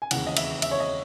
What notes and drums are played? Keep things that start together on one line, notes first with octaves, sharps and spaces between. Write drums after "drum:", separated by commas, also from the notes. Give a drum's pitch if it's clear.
G#5
E1 D#2 C#3 E3 F#5, drum: cymbal
D#5
E5, drum: cymbal
E5, drum: cymbal
C#5
D#5